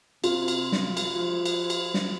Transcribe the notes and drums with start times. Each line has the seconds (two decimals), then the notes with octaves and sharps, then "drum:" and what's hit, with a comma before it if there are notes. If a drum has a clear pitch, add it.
0.24 C3 F4, drum: cymbal
0.48 drum: cymbal
0.72 drum: snare
0.97 drum: cymbal
1.16 F3
1.46 drum: cymbal
1.70 drum: cymbal
1.94 drum: snare